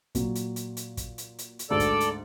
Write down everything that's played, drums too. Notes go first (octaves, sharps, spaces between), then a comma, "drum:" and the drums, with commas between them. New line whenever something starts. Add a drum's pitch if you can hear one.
A#2 F#3, drum: kick, hi-hat
drum: hi-hat
drum: hi-hat
drum: hi-hat
drum: kick, hi-hat
drum: hi-hat
drum: hi-hat
drum: hi-hat
D2 G#2 D3 A4 D5
drum: kick, hi-hat
drum: hi-hat